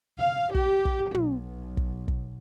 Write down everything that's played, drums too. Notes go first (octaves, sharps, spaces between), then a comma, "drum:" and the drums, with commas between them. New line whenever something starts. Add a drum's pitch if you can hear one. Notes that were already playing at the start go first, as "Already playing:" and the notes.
F5
G4, drum: kick
drum: kick
B1, drum: tom
drum: kick
drum: kick